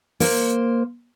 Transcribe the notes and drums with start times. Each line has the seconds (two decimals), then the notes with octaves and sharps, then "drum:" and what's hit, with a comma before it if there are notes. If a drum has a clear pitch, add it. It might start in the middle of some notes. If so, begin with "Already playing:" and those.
0.20 A#3 C5, drum: open hi-hat